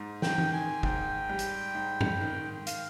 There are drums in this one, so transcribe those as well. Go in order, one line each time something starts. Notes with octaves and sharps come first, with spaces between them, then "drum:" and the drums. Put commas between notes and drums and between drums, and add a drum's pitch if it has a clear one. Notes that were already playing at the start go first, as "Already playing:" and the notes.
Already playing: G#2
G5, drum: snare
D#3, drum: tom E3
G#5
G#2 G5, drum: kick
G3
drum: hi-hat
G#2
drum: tom G2
D#3
F5, drum: hi-hat